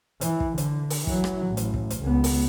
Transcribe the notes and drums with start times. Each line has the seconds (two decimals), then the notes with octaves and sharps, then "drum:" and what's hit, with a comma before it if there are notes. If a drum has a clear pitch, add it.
0.21 E3, drum: hi-hat
0.40 drum: kick
0.58 D3, drum: hi-hat
0.90 drum: open hi-hat
1.07 E3 F#3, drum: kick
1.24 drum: rim click
1.47 A1
1.57 drum: hi-hat
1.74 drum: kick
1.90 drum: hi-hat
2.02 C#2 B3
2.24 drum: open hi-hat